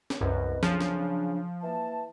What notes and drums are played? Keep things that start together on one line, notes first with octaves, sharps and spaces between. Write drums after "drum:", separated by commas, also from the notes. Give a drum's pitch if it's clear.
drum: snare
C2 F#2 B4 D#5
C#3 F3 F#3 D4, drum: snare
drum: snare
E3 A#3 A5